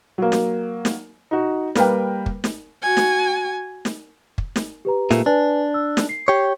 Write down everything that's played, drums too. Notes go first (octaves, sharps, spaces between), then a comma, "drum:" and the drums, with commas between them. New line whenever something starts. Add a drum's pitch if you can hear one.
F#3 A#3
drum: snare
drum: snare
D#4 F#4
G3 A#3 A#4 B4 G5, drum: snare
drum: kick
drum: snare
F#4 G#5
drum: snare
drum: snare
drum: kick
drum: snare
G4 B4 A#5
A#2 A3, drum: snare
D4 B4 G#5
E6
drum: snare
C7
G4 C#5